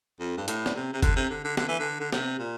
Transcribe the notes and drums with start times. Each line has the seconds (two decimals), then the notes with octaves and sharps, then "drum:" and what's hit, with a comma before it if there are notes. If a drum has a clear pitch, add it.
0.20 F2
0.37 G2
0.48 A2, drum: hi-hat
0.66 drum: snare
0.75 C3
0.93 C3
1.02 D3, drum: kick F#1, hi-hat
1.16 C3
1.30 D3
1.44 D3
1.57 D3, drum: snare
1.68 E3
1.80 D3
2.00 D3
2.13 C3, drum: snare
2.39 A#2